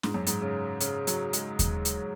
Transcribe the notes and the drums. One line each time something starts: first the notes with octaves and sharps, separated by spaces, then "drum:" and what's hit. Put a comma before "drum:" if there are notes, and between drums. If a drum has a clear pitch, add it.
G#2, drum: snare
F#2
G#2, drum: hi-hat
C#3
C#3, drum: hi-hat
F#3, drum: hi-hat
G#3, drum: hi-hat
drum: kick D#2, hi-hat
drum: hi-hat